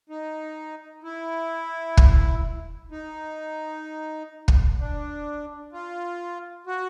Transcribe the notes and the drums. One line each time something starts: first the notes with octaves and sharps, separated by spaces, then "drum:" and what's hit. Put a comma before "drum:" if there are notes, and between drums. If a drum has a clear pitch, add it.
D#4
E4
drum: kick
D#4
drum: kick
D4
F4
F#4